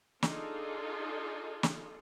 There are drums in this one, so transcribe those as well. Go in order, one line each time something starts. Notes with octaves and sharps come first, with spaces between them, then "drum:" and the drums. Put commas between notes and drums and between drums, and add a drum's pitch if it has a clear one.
D4 D#4 F4 G#4 A4, drum: snare
drum: snare